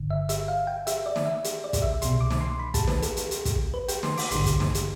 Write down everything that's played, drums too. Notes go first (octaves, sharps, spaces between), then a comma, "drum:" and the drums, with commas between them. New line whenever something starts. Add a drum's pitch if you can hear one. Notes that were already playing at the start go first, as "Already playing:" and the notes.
Already playing: G1 G2 D3
E5
E5, drum: hi-hat
F5
G5
E5, drum: hi-hat
D5
drum: snare
E5
drum: hi-hat
D5
drum: kick, hi-hat
E5
C2 B2 C6, drum: hi-hat
D6
drum: snare
C6
B5
A5, drum: kick, hi-hat
B4, drum: snare
A4, drum: hi-hat
drum: hi-hat
drum: hi-hat
drum: kick, hi-hat
B4
G5, drum: hi-hat
C6, drum: snare
D6, drum: open hi-hat
A1 G2 D3 C6, drum: hi-hat
drum: kick, hi-hat
drum: snare
drum: hi-hat